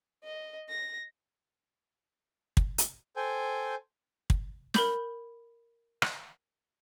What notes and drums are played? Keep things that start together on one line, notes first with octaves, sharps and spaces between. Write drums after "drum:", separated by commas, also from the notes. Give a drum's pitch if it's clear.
D#5
A#6
drum: kick
drum: hi-hat
A4 C5 G5 G#5
drum: kick
A#4 B5 G6, drum: snare
drum: rim click